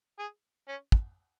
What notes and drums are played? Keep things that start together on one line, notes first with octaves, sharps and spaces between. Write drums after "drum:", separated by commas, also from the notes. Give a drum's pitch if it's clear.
G#4
C#4
drum: kick